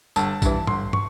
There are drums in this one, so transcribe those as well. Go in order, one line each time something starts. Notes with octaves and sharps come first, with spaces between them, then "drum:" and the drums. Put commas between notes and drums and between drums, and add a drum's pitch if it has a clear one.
G1 A5, drum: tambourine
G2 E3, drum: kick A#1, tambourine
G1 C6, drum: tom G#2
C#6, drum: tom